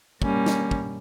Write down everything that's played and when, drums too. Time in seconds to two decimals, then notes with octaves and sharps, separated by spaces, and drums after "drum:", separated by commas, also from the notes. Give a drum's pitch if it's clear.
0.22 G3 A#3 C#4, drum: kick
0.46 drum: snare
0.71 drum: kick